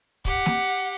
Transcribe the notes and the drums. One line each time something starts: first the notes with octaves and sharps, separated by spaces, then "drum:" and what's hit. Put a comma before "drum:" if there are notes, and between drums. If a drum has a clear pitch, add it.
G4 F#5, drum: kick
drum: snare